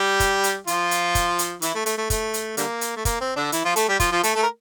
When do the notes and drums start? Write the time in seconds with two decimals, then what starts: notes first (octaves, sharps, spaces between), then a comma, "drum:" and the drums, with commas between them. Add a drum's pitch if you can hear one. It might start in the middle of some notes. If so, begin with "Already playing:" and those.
Already playing: G3 G4
0.20 drum: kick, hi-hat
0.44 drum: hi-hat
0.67 F3 F4, drum: hi-hat
0.91 drum: hi-hat
1.15 drum: kick, hi-hat
1.39 drum: hi-hat
1.62 E3 E4, drum: hi-hat
1.75 A3
1.86 A3, drum: hi-hat
1.98 A3
2.10 A3, drum: kick, hi-hat
2.34 drum: hi-hat
2.57 D3 G3 A#3, drum: hi-hat
2.81 drum: hi-hat
2.96 A3
3.05 A#3, drum: kick, hi-hat
3.21 C4
3.36 D3 D4
3.52 E3 E4, drum: hi-hat
3.64 F3 F4
3.76 A3 A4, drum: hi-hat
3.89 G3 G4
4.00 F3 F4, drum: kick, hi-hat
4.12 F3 F4
4.23 A3 A4, drum: hi-hat
4.35 A3 A4
4.43 A#4